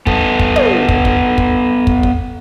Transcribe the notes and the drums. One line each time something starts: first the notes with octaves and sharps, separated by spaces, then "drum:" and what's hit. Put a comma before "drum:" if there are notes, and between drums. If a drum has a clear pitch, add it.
B3 A4, drum: kick
drum: kick
drum: tom
drum: kick
drum: kick
drum: kick
drum: kick
drum: kick